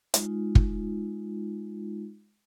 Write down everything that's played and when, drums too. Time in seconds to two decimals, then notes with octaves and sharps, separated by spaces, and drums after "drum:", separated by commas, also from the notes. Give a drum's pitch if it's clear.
0.14 G#3 D#4 F4, drum: hi-hat
0.55 drum: kick